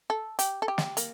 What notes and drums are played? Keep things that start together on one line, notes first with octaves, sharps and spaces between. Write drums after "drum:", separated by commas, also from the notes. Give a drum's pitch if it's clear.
A4
G4, drum: hi-hat
A4
G4
drum: snare
A#3, drum: hi-hat